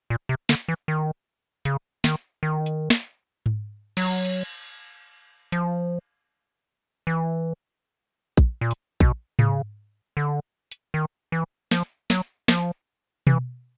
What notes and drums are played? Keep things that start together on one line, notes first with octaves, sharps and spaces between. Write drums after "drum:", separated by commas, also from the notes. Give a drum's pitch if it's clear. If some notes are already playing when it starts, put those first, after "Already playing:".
A#2
C3
D3, drum: snare
E3
D#3
C#3, drum: hi-hat
D#3, drum: snare
D#3
drum: hi-hat
drum: snare
drum: tom G#2
F#3, drum: cymbal
drum: hi-hat
F3, drum: hi-hat
E3
drum: kick A#1
A#2
drum: hi-hat
B2, drum: kick A#1
C#3, drum: tom G#2
D3
drum: hi-hat
D#3
E3
F3, drum: snare
F#3, drum: snare
F3, drum: snare
E3, drum: tom B2